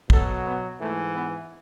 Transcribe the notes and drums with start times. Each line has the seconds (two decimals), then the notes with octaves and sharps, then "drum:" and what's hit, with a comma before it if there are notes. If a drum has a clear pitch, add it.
0.10 B2 F#3 A4, drum: kick
0.45 B3
0.79 G#2 E3 A3
1.13 B3